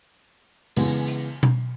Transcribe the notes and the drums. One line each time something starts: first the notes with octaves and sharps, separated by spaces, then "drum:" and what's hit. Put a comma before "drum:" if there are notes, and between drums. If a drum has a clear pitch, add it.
C#3 E3 G#3 B3, drum: cymbal
drum: hi-hat
drum: tom B2